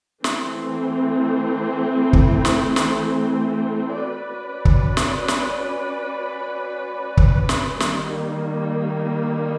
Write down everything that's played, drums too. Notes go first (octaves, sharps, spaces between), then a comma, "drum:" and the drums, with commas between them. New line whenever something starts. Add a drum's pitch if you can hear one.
E3 A3 C4, drum: snare
drum: kick
drum: snare
drum: snare
C#4 F#4 B4 D5
drum: kick
drum: snare
drum: snare
drum: kick
drum: snare
D#3 G3 A#3, drum: snare